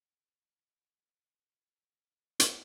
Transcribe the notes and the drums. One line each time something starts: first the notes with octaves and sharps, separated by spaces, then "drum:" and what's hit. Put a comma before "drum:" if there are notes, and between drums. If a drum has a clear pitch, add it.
E4 G4
drum: hi-hat